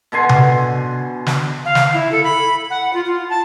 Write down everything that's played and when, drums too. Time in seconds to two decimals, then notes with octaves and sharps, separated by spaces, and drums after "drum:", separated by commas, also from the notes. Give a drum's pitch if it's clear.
0.12 B2 D3 G#5 C6
0.29 drum: tom C3
1.26 drum: snare
1.65 F5
1.75 drum: snare
1.94 E4
2.12 A4
2.24 B5
2.70 F#5
2.94 F4
3.05 F4
3.30 A5